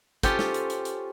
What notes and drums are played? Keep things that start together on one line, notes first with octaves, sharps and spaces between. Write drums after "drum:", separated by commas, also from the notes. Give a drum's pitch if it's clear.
C#4 F4 G4 A4 C5, drum: kick, hi-hat
drum: snare
drum: hi-hat
drum: hi-hat
drum: hi-hat